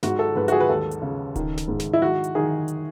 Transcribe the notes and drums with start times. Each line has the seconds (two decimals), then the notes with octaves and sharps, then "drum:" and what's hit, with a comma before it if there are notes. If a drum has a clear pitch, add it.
0.03 G#2 F#4, drum: snare
0.19 A4
0.36 G#2 B4
0.48 F#4, drum: hi-hat
0.52 G#4
0.60 B4
0.69 D#2 A4
0.91 drum: hi-hat
1.02 C#3
1.36 D#3, drum: kick D1, hi-hat
1.57 drum: snare
1.68 G#2
1.80 drum: snare
1.93 E4
2.01 D#3 F#4
2.24 drum: hi-hat
2.35 D#3 G#4
2.68 drum: hi-hat